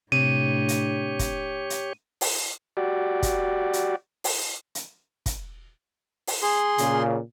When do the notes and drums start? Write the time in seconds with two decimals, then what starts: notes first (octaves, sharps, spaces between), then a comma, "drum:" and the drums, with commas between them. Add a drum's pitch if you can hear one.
0.12 A2 C3 D4 G4 C#5 D#7
0.68 drum: hi-hat
1.19 drum: kick, hi-hat
1.70 drum: hi-hat
2.21 drum: open hi-hat
2.77 F#4 G4 D5
3.23 drum: kick, hi-hat
3.73 drum: hi-hat
4.24 drum: open hi-hat
4.75 drum: hi-hat
5.26 drum: kick, hi-hat
6.27 drum: open hi-hat
6.42 G#4 C6
6.78 A#2 C#3, drum: hi-hat